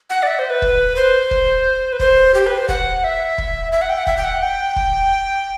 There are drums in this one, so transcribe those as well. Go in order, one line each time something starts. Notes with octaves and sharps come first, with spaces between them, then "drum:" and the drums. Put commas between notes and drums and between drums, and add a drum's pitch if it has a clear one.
F#5
D5
E5
C5
B4
drum: kick
C5
drum: kick
B4
C5, drum: kick
G4
B4
C5
F#5, drum: kick
E5
drum: kick
E5
F#5
G5
F#5
E5, drum: kick
G5
F#5
G5
drum: kick